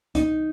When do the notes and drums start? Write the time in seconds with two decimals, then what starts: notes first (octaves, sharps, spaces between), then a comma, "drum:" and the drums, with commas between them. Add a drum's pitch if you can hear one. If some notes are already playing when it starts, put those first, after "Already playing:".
0.15 D#4, drum: kick C2, hi-hat